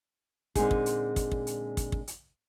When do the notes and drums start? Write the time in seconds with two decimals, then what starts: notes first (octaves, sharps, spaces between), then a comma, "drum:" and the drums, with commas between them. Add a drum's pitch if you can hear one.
0.55 A#2 D3 G#3 C4 D#4 G#4, drum: kick, hi-hat
0.71 drum: kick
0.86 drum: hi-hat
1.16 drum: kick, hi-hat
1.31 drum: kick
1.47 drum: hi-hat
1.77 drum: kick, hi-hat
1.92 drum: kick
2.07 drum: hi-hat